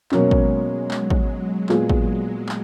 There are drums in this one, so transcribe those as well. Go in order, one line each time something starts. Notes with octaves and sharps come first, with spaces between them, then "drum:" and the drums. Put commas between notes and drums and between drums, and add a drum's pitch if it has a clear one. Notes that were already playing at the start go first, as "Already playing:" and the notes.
B2 F#3 G#3 A#3 C#4, drum: clap
drum: kick
F#3, drum: clap
drum: kick
A#2 G#3 B3 F4 G#4, drum: clap
drum: kick
drum: clap